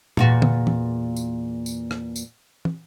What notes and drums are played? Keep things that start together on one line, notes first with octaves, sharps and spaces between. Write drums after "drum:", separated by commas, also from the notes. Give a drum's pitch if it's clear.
E2 A#2 F#4, drum: tom
drum: tom
drum: tom
drum: tambourine
drum: tambourine
drum: rim click
drum: tambourine
drum: tom